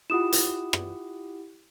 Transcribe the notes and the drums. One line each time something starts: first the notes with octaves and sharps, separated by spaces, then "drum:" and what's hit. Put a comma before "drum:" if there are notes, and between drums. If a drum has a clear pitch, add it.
E4 F4 G4 F#5 D#6 E7
drum: hi-hat
drum: rim click